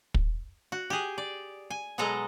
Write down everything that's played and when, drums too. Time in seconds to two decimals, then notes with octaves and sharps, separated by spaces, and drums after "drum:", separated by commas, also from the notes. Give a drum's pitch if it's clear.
0.14 drum: kick
0.72 F#4
0.90 G4 G#4
1.18 D5
1.70 G#5
1.98 B2 F#3 G#3 A4 D#5 A#5